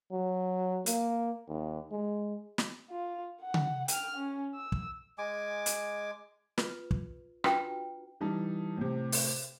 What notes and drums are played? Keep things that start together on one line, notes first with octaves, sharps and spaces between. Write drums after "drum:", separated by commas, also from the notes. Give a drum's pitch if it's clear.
F#3
A#3, drum: hi-hat
D#2
G#3
drum: snare
F4
F#5
drum: tom C#3
G5 F6, drum: hi-hat
C#4
E6
drum: kick
G#3 G#5 D6
drum: hi-hat
F4 B4, drum: snare
drum: kick
D4 F4 F#4 B4 G5 A#5, drum: rim click
E3 G3 D#4 A5
A2 C3
drum: open hi-hat